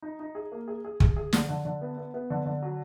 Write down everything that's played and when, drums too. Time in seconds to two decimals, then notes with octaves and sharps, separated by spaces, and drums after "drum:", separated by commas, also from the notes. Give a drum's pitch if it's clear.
0.02 D#4
0.20 D#4
0.35 G#4
0.52 A#3
0.68 G#4
0.84 G#4
1.00 G#4, drum: kick
1.16 G#4
1.33 D3, drum: snare
1.49 D3
1.65 D3
1.82 B3
1.98 B3
2.14 B3
2.30 D3
2.45 D3
2.62 F#3